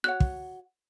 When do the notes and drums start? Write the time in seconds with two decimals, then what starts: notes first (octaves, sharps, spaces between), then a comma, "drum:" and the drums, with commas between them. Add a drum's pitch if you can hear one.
0.04 F#4 C#5 F#5 F#6
0.20 drum: kick